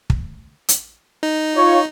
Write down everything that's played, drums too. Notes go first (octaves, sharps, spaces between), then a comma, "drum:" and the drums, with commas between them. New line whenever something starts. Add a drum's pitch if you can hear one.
drum: kick
drum: hi-hat
D#4
F4 C#5